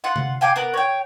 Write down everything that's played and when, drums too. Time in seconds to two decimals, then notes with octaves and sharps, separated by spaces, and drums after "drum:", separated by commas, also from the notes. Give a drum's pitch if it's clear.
0.04 F4 F#5
0.16 drum: tom C3
0.41 F5 G5 G#5 D6
0.56 B3 A#4 F#5
0.74 C#5 G5